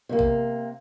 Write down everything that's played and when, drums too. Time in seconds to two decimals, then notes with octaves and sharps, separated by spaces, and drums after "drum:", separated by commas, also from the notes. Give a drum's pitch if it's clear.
0.09 C3 A#3
0.19 drum: kick G#1